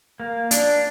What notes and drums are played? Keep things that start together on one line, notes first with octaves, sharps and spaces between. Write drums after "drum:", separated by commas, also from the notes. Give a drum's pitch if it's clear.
A#3
D4, drum: hi-hat